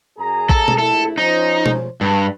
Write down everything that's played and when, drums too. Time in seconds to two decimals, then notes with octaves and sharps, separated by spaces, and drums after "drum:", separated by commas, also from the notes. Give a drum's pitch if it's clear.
0.18 F#2 G#4 A#5
0.49 A4, drum: kick A#1
0.68 drum: tom B2
0.78 A#1 A3 E4 A4
1.18 F3 C#4 D#4 C5
1.66 drum: tom B2
2.01 G2